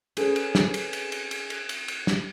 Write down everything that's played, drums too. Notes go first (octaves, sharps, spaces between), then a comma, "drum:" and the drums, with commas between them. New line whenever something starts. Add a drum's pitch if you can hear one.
C#4 G#4 A4 B4, drum: cymbal
drum: cymbal
drum: snare
drum: cymbal
drum: cymbal
drum: cymbal
drum: cymbal
drum: cymbal
drum: cymbal
drum: cymbal
drum: snare